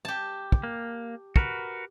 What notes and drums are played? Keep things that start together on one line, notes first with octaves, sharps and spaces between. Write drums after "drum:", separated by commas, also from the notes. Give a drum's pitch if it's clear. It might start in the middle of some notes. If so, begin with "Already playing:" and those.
G4 A5
drum: kick
A#3
F#4 A#4 B4, drum: kick